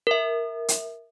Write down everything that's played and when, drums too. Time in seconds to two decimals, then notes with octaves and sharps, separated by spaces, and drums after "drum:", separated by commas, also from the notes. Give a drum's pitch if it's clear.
0.07 A#4 E5
0.68 drum: hi-hat